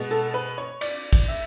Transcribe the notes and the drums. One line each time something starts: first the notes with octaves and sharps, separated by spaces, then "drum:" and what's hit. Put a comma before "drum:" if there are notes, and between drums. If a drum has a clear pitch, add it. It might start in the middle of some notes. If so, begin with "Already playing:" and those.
Already playing: B2 G#3 B3
A4
B4
C#5
D5, drum: cymbal
drum: kick, cymbal
E5